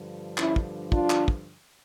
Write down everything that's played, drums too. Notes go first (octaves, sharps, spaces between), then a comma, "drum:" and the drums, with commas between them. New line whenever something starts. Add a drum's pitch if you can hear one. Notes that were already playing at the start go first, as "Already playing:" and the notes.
Already playing: G2 D3 F3
C#4 E4, drum: clap
drum: kick
D4 F4, drum: kick
drum: clap
drum: kick